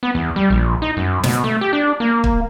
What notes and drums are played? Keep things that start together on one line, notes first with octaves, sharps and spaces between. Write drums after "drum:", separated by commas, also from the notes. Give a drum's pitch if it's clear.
B3
E2
G3
A#1
D#4
F#2
B2, drum: snare
A3
G4
D4
A#3
drum: kick